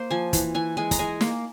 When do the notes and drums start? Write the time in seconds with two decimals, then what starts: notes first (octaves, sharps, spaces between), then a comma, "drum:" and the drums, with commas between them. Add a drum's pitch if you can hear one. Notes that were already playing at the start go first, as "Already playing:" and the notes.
Already playing: A#3 C5
0.10 F3 G#5
0.33 E3, drum: kick, hi-hat
0.55 E3 G#5
0.77 G#3 G#5
0.91 A#5, drum: kick, hi-hat
0.99 G#3 G#5
1.21 A#3, drum: snare